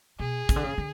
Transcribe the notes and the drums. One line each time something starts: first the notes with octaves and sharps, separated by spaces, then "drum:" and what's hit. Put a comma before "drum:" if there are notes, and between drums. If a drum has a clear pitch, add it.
B2 G#4
C#3, drum: kick, hi-hat
D3
C#3
D3